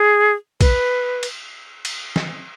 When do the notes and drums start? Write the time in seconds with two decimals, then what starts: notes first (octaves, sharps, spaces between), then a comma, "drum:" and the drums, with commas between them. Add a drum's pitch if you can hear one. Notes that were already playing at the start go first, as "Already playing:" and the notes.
Already playing: G#4
0.61 B4, drum: kick A#1, cymbal
1.23 drum: cymbal
1.85 drum: cymbal
2.16 drum: snare